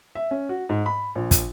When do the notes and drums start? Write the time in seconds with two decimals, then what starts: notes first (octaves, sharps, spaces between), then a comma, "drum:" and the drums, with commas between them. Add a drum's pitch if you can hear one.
0.15 E5
0.31 C#4
0.49 F#4
0.69 G#2
0.86 B5
1.15 A#1
1.31 drum: kick, hi-hat